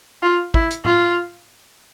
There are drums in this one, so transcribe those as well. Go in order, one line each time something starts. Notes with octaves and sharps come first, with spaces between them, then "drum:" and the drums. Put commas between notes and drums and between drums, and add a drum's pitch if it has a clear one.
F4
E4, drum: kick
drum: hi-hat
F4, drum: tom A2